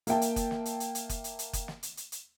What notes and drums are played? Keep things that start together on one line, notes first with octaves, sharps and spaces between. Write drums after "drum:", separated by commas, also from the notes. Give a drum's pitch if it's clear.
A#3 E5 G5 A5, drum: hi-hat
drum: hi-hat
drum: kick F#1, hi-hat
drum: snare
drum: hi-hat
drum: hi-hat
drum: hi-hat
drum: kick F#1, hi-hat
drum: hi-hat
drum: hi-hat
drum: kick F#1, hi-hat
drum: snare
drum: hi-hat
drum: hi-hat
drum: hi-hat